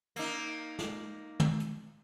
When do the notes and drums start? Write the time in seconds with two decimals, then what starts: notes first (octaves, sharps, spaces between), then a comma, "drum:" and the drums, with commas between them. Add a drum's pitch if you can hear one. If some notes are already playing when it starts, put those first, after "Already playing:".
0.16 A#3 D#4, drum: cymbal
0.79 drum: snare
1.40 drum: tom
1.60 drum: hi-hat